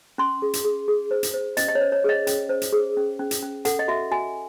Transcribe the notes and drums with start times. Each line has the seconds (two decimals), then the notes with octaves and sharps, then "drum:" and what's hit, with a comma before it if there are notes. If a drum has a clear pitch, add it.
0.18 C#4 C6
0.42 G#4
0.53 drum: hi-hat
0.65 G#4
0.88 G#4
1.11 C5
1.23 drum: hi-hat
1.34 C5
1.57 C#4 D#5, drum: hi-hat
1.68 D#5
1.75 C#5
1.81 C5
1.92 C#5
2.04 G#4 D#5
2.27 C#4, drum: hi-hat
2.49 C5
2.62 drum: hi-hat
2.73 G#4
2.97 C#4
3.19 C#4
3.31 drum: hi-hat
3.42 C#4
3.65 A4 F#5, drum: hi-hat
3.79 D#5
3.88 F#4 E5
4.11 F#4 G#5